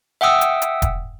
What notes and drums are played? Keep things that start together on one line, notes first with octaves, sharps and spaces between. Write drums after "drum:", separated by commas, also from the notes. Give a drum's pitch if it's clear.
E5 F#5 G5 D#6 E6
drum: hi-hat
drum: hi-hat
drum: kick E1, hi-hat